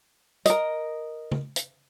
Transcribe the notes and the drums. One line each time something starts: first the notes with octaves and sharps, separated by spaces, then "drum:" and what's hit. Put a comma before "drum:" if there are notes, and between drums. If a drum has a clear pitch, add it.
A#4 D#5, drum: hi-hat
drum: tom C#3
drum: hi-hat